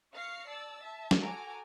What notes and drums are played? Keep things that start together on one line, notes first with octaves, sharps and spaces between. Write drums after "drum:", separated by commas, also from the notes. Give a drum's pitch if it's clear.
F5 C#6 F6 A#6 C7 C#7
D5 A5 E6 A6
E5 A5
drum: snare
F#4 A4 G#5 A#5 D6 D7